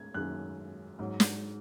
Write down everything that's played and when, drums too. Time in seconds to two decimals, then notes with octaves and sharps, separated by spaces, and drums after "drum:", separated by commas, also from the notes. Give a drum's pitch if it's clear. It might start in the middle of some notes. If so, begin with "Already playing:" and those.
Already playing: G#3 G#6
0.14 F#2 D#3 G#3 F#6
0.99 G#2 F#3
1.20 drum: snare